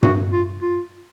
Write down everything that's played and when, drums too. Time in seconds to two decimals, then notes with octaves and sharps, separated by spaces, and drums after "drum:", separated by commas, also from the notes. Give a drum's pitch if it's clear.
0.03 F#4, drum: tom G2
0.32 F4
0.62 F4